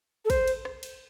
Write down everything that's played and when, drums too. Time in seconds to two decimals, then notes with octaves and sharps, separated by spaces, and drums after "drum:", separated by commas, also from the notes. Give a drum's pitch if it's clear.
0.25 A4
0.30 C5, drum: kick, cymbal
0.48 drum: cymbal
0.65 drum: rim click
0.83 drum: cymbal